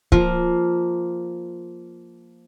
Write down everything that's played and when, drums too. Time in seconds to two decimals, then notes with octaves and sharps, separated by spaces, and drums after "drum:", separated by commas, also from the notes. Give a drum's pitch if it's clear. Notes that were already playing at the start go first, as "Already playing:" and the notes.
0.12 F3 A#3, drum: kick C#1